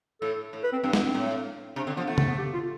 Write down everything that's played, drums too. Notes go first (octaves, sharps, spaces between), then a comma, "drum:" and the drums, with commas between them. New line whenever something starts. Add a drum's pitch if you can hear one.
A2 A4
A2
B4
C4
G2 C4
B3, drum: snare
C4
A2
C3 D4
D3 C4
F3 B3
A3 B3
B3, drum: tom C#3
B3
G4
F4